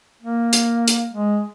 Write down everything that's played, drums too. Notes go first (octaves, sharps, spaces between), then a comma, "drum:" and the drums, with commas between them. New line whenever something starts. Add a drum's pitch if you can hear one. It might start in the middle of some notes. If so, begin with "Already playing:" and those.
A#3
drum: hi-hat
drum: hi-hat
G#3